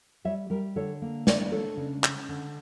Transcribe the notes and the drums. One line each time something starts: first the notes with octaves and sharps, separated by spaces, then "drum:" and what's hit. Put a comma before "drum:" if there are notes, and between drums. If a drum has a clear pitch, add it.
G3 C#5 E5
G3 G4 A#4
D3 A4 C#5
A#3
D4 A#4 D5, drum: snare
D4 A4 C#5
C#3
C#4, drum: clap
D3